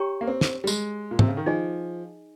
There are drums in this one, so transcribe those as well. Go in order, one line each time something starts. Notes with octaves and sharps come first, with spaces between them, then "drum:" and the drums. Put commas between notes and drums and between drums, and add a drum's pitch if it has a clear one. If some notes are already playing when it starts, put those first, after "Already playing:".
Already playing: G4 C#5 G5 A#5 C#6
A#3
C4
drum: snare
G3
G#3, drum: tambourine
A#2
C3, drum: tom
C#3
D#3
F3 D#4 G#4 D#5 G#5